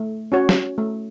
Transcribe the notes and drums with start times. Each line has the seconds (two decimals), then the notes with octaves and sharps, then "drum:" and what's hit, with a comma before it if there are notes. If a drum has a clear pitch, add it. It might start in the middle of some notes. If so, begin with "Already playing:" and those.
Already playing: A3
0.32 C#4 F#4 C#5
0.49 drum: snare
0.78 A3